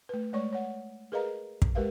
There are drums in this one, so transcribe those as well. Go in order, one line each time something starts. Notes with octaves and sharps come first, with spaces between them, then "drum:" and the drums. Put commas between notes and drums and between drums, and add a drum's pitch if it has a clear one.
A3 B4
G#3 A3 C#5 D5 C#6
C#5 F#5
G#4 A#4 B4 D#5 F5 A#5
drum: kick
G#3 G4 A#4 B4 E5 F5